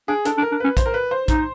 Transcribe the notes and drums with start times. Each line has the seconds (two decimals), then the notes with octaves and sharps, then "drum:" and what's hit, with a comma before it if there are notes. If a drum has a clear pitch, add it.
0.08 D4 G#4
0.25 D4 A4, drum: hi-hat
0.38 D4
0.42 A#4
0.51 D4
0.60 C#4 B4
0.77 C5, drum: kick, hi-hat
0.86 A#4
0.94 B4
1.11 C5
1.28 D#4, drum: kick, hi-hat